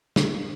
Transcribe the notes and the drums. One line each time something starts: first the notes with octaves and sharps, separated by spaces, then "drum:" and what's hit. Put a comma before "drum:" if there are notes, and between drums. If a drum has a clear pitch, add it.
D3, drum: snare